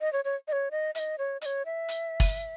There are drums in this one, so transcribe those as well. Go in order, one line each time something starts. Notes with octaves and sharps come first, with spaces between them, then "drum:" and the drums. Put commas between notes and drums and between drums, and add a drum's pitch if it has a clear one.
D#5
C#5
C#5
D#5
C#5
D#5
E5, drum: hi-hat
D#5
C#5
D#5, drum: hi-hat
C#5
E5
drum: hi-hat
drum: kick, open hi-hat